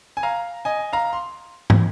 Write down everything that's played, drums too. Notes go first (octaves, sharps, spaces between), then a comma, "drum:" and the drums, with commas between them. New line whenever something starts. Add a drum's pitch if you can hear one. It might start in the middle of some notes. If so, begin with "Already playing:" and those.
G#5
F5 A#5
D#5 G#5
F5 A#5
C6
drum: tom